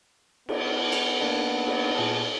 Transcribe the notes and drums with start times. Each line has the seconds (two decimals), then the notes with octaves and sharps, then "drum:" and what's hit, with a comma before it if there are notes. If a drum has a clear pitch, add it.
0.49 B3, drum: cymbal
0.92 drum: cymbal
1.21 A#3 D4
1.67 drum: cymbal
1.95 A#2 G#4 A5